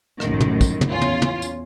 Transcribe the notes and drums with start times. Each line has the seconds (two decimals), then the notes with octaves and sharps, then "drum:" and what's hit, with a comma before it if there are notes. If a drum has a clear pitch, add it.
0.20 A#1 F#2 A2 D#3, drum: rim click
0.40 drum: tom
0.61 drum: kick, tambourine
0.81 drum: tom
0.91 E2 C#4 F4
1.01 drum: tom
1.22 drum: tom
1.42 drum: tambourine